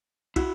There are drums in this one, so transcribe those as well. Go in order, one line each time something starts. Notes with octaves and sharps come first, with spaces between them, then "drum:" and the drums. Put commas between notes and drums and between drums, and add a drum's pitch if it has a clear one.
E4 F#4, drum: kick, cymbal